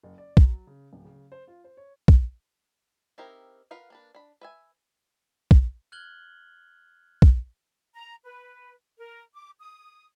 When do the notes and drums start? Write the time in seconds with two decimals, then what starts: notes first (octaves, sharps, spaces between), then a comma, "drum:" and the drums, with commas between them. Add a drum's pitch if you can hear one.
0.03 F#1
0.18 D5
0.37 F#3, drum: kick
0.67 C#3
0.93 D1
1.05 C#3
1.32 C5
1.48 F4
1.64 C5
1.77 C#5
2.08 drum: kick
3.18 C4 D#4 E4 G4 A#4
3.71 F4 A#4 B4 F5 F#5
3.90 A#3 D4 B4
4.15 D4 B5
4.41 B4 E5 G#5
5.51 drum: kick
5.92 F6 F#6 G#6 F#7 G7
7.22 drum: kick
7.94 A#5
8.24 B4
8.97 A#4
9.35 D6
9.59 D#6